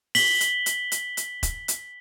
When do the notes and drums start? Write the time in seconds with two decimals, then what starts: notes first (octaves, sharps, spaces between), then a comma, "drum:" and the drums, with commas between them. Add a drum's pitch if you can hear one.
0.15 B6 F#7 G7, drum: open hi-hat
0.40 drum: hi-hat
0.66 drum: hi-hat
0.92 drum: hi-hat
1.17 drum: hi-hat
1.43 drum: kick, hi-hat
1.68 drum: hi-hat